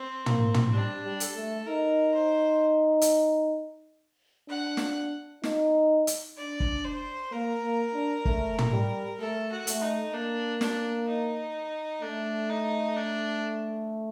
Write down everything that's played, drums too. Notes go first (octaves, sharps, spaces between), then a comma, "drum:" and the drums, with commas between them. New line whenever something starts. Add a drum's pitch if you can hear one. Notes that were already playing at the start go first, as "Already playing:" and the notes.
Already playing: C4
A#3, drum: tom
drum: tom
G3 D4
G3
A4, drum: hi-hat
A3
D#4 A#4
C5
drum: hi-hat
D4 F#5
drum: snare
D#4, drum: snare
drum: hi-hat
D4 D5
drum: kick
C5
A#3 A#4
A#3
D4
A3, drum: kick
drum: tom
G3
A3 A4
F#4
A3, drum: hi-hat
D#4
A#3 D4
D4, drum: snare
D#4
A3 D4
D#4
D4